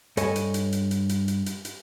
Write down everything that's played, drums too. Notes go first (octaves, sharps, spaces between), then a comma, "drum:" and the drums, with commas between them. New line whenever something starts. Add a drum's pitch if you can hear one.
G2 A4 C#5 D#5 G#5, drum: hi-hat
drum: hi-hat
drum: hi-hat
drum: hi-hat
drum: hi-hat
drum: hi-hat
drum: hi-hat
drum: hi-hat
drum: hi-hat